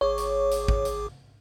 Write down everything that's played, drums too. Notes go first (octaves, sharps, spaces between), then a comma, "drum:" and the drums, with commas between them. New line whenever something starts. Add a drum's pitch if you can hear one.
G#1 G#4 C#5 D6
drum: hi-hat
drum: hi-hat
drum: kick
drum: hi-hat